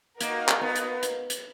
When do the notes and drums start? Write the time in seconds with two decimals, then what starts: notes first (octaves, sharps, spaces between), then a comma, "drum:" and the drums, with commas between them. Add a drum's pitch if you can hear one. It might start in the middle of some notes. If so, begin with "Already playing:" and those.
0.21 A#3 D#4 F#4 A#4 F5, drum: hi-hat
0.48 drum: clap
0.61 B3
0.76 drum: hi-hat
1.03 drum: hi-hat
1.30 drum: hi-hat